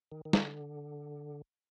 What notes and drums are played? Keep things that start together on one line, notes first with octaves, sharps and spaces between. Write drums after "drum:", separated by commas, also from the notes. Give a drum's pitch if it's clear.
D#3
D#3
D3, drum: snare